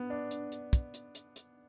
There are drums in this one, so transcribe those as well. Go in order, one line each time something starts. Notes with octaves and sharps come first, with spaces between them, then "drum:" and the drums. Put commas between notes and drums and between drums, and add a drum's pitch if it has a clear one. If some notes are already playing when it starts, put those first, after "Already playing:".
Already playing: B3
D4
drum: hi-hat
drum: hi-hat
drum: kick, hi-hat
drum: hi-hat
drum: hi-hat
drum: hi-hat